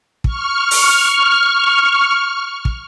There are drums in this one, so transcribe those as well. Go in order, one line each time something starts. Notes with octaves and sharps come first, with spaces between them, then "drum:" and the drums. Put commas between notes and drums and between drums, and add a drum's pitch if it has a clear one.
C#6 F6, drum: kick
drum: open hi-hat
drum: kick